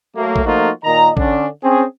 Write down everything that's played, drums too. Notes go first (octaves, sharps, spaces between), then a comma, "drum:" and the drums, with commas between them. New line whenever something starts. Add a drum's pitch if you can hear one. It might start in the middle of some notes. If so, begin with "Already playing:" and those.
F#3 A3 A#3
drum: kick
F3 A3 A#3 D#4 F4 F#4
A#2 D#3 D#5 A#5
D3 C#4 D4, drum: kick
C4 C#4 G#4